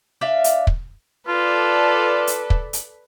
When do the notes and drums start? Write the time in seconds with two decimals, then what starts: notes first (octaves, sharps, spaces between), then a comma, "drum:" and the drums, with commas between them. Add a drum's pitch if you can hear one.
0.21 D4 E5 F5
0.44 drum: hi-hat
0.67 drum: kick
1.28 F4 A4 B4 D5
2.27 drum: hi-hat
2.50 drum: kick
2.73 drum: hi-hat